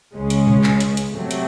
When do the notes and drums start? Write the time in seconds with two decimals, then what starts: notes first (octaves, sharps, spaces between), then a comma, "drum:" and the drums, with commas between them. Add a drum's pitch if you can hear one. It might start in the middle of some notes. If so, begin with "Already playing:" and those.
0.13 C#2 C#3 G#3 C#4
0.30 drum: hi-hat
0.47 drum: tom A#2
0.64 drum: clap
0.80 drum: hi-hat
0.97 drum: hi-hat
1.14 C3 F#3 A3
1.31 drum: hi-hat